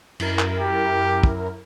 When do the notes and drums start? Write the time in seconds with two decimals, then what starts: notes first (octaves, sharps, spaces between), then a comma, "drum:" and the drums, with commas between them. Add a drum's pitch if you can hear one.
0.20 F#2 E4 A#4, drum: cymbal
0.39 drum: clap
0.58 G4
1.23 drum: kick